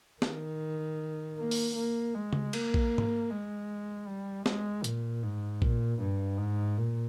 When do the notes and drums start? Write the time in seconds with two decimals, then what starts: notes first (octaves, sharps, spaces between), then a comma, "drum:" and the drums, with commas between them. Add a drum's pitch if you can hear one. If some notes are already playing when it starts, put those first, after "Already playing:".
0.22 D#3, drum: snare
1.37 A#3
1.51 drum: open hi-hat
1.75 A#3
2.14 G#3
2.33 drum: tom C#3
2.53 A#3, drum: cymbal
2.74 drum: kick A#1
2.98 drum: tom G#2
3.30 G#3
4.07 G3
4.46 G#3, drum: snare
4.84 A#2, drum: hi-hat
5.22 G#2
5.62 A#2, drum: kick A#1
6.00 G2
6.38 G#2
6.77 A#2